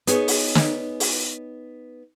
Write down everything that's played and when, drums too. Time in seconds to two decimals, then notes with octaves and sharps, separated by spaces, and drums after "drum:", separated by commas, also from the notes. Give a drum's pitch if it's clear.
0.07 B3 D#4 G#4 C#5, drum: hi-hat
0.28 drum: open hi-hat
0.55 drum: snare
1.00 drum: open hi-hat